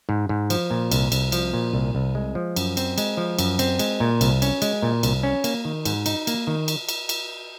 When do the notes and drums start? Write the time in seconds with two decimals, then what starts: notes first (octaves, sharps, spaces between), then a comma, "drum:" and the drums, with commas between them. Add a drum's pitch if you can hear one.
0.09 G#2
0.29 G#2
0.50 F3, drum: cymbal
0.71 A#2
0.92 C2, drum: cymbal
1.12 C2, drum: cymbal
1.32 F3, drum: cymbal
1.53 A#2
1.73 C2
1.95 C2
2.15 G#3
2.35 F3
2.56 F#2, drum: cymbal
2.77 C4, drum: cymbal
2.98 G#3, drum: cymbal
3.17 F3
3.39 F#2, drum: cymbal
3.59 C4, drum: cymbal
3.79 G#3, drum: cymbal
4.00 A#2
4.21 C2, drum: cymbal
4.42 C#4, drum: cymbal
4.62 G#3, drum: cymbal
4.83 A#2
5.03 C2, drum: cymbal
5.23 C#4
5.44 A#3, drum: cymbal
5.65 D#3
5.85 G#2, drum: cymbal
6.06 D#4, drum: cymbal
6.27 A#3, drum: cymbal
6.47 D#3
6.68 drum: cymbal
6.89 drum: cymbal
7.09 drum: cymbal